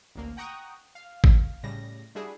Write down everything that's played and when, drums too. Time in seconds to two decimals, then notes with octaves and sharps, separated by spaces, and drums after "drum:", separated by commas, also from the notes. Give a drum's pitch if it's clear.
0.15 A1 D2 A#3
0.37 F#5 G5 A#5 C#6 D#6 F#6
0.95 F5
1.24 drum: kick
1.63 A2 C#3 G3 A#6
2.15 G3 D4 E4 F#4 G#4